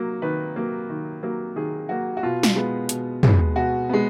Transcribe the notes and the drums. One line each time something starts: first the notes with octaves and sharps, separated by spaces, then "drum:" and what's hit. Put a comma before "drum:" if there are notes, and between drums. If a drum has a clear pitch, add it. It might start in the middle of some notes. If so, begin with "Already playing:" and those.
Already playing: F#3 A#3
D#3 B4
F#3 A#3
D#3
F#3 A#3
D#3 G#4
F#3 A#3 F#4
F#4
B2 F4
drum: snare
G#3 B3
B2, drum: hi-hat
G#3 B3, drum: tom
B2 F#4
G#3 B3